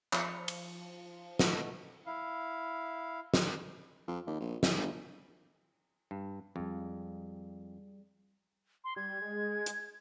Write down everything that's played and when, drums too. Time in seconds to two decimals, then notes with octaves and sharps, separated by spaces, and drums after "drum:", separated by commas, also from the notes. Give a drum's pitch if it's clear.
0.13 F3 F5 C#6, drum: clap
0.48 drum: cymbal
1.39 B2 A3, drum: snare
2.06 E4 F5
3.34 drum: snare
4.08 F2
4.27 D#2
4.40 A#1
4.63 C2, drum: snare
4.78 G1
6.11 G2
6.56 F2 G3 G#4
8.84 C6
8.96 G3 G#6
9.22 G#3
9.66 drum: hi-hat